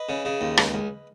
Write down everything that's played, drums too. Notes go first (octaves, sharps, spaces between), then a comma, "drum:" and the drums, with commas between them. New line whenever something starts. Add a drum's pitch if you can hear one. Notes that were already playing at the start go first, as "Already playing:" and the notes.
Already playing: B4 D#5
C#3
C#3
D#2
C#2, drum: rim click
C#2